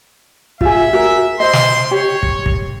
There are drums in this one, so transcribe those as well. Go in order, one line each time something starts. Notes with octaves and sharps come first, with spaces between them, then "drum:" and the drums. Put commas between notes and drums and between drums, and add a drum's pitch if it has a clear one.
F4 G#4 E5, drum: kick
F#4 A#4
C5 D#5 C6
drum: snare
G4 C#5
drum: kick
drum: kick